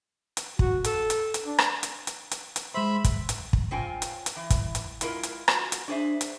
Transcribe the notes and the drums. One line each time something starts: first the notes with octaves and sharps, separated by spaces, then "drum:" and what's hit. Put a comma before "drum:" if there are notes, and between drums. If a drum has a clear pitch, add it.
drum: hi-hat
F#4, drum: kick
A4, drum: hi-hat
drum: hi-hat
drum: hi-hat
D4
drum: rim click
drum: hi-hat
drum: hi-hat
drum: hi-hat
drum: hi-hat
G#3 C5 E5 B5
drum: kick, hi-hat
drum: hi-hat
drum: kick
C#3 C4 F4 G5 G#5
drum: hi-hat
drum: hi-hat
E3
drum: kick, hi-hat
drum: hi-hat
G#3 E4 F4 A#4, drum: hi-hat
drum: hi-hat
F4 F#4, drum: rim click
drum: hi-hat
D4 G#4 C5 E5
drum: hi-hat